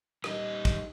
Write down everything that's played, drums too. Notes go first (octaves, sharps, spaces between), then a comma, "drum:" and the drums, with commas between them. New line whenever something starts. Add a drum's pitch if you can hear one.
G3 D#4, drum: rim click
drum: kick, cymbal